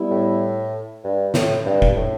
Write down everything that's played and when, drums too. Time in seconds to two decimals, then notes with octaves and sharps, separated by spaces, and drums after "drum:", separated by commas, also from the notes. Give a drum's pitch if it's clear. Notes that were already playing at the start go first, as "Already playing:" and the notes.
Already playing: G3 B3 E4
0.11 A2
1.04 G2
1.34 A2, drum: snare
1.66 G2
1.82 drum: kick F1
1.97 A2